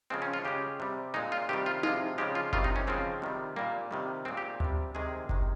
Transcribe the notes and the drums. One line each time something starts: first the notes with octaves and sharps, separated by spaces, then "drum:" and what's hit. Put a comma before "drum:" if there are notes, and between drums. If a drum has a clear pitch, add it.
C#3 F3 G#3 C4
C#4
F4
C#3 G#3 G4
C3 G3
A#2 G#3 D#4
F4
C3 D#3 G3 G4
F4
C3 F3 G#3 F4, drum: tom D#4
C#3 F3 G#3 G4
F4
C3 D#3 G3 F4, drum: kick F#1
D#4
C#4
C#3 F3 G#3 C4
C3 D#3 G3
A#2 G3 A#3
C3 D#3 G3
A#2 G#3 C4
G4
C3 G3, drum: tom D2
C3 D#3 G#3 G#4
C3 D#3 G#3, drum: kick F#1